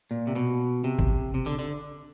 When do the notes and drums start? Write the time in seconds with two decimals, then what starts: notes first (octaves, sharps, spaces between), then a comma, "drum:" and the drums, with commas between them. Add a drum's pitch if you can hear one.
0.11 A#2
0.27 C3
0.36 B2
0.84 C3
0.99 drum: kick
1.34 C3
1.46 D3
1.59 D3